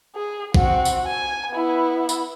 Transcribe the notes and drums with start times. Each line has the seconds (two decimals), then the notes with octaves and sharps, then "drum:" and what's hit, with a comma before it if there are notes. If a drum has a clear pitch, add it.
0.16 G#4
0.54 C4 F#4, drum: kick A#1
0.85 drum: tambourine
1.07 G#5
1.52 B3 E4
2.09 drum: tambourine